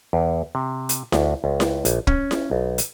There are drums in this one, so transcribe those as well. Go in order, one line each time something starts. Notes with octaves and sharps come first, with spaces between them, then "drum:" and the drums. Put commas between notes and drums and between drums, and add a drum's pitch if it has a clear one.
E2
C3
drum: hi-hat
D2, drum: snare E4
C#2
drum: snare E4
A#1, drum: hi-hat
C#4, drum: kick
drum: snare E4
B1
drum: hi-hat